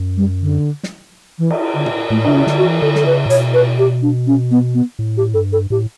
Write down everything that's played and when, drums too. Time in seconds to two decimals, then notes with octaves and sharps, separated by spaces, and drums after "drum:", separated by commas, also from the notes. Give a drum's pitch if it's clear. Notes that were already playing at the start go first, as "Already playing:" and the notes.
Already playing: F#2
0.17 G3
0.41 D3
0.83 drum: snare
1.39 E3
1.51 drum: cymbal
1.74 D3
1.86 drum: tom
2.10 A2 A3
2.24 C#3 D4, drum: cymbal
2.34 C#4
2.47 D3, drum: snare
2.58 F#4
2.64 E3
2.82 D3 A4
2.95 A4, drum: snare
3.06 C#3 B4
3.26 A2
3.30 B2 C#5, drum: hi-hat
3.54 B4
3.79 G4
4.02 D4
4.27 C#4
4.51 B3
4.74 B3
4.99 A2
5.17 G4
5.34 G2 A4
5.53 A4
5.70 A2 G4